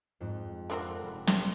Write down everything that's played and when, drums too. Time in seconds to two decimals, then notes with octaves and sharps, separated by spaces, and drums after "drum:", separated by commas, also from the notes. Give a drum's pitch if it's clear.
0.20 F2 G#2 C4
0.70 D3 C4 A#4 D5 F5 F#5
1.03 F1 B5
1.27 C4 D4, drum: snare